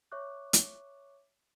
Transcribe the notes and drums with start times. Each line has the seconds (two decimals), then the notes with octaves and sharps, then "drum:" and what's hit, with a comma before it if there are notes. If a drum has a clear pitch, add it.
0.12 C#5 E5 C#6 D6 F#6
0.53 drum: hi-hat